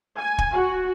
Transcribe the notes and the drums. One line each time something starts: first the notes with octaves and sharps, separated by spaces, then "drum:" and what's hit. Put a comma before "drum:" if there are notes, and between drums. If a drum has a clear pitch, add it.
G#5
drum: kick
F#4